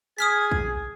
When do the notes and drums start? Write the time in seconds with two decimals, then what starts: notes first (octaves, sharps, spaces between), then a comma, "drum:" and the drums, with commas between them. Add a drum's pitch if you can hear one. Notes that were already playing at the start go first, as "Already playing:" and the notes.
0.18 G#4 D#6 F6 G#6 B6
0.51 drum: kick